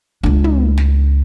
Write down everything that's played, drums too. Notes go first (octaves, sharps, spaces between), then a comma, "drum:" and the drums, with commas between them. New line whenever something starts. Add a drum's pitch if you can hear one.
C#2 D4
drum: tom
drum: snare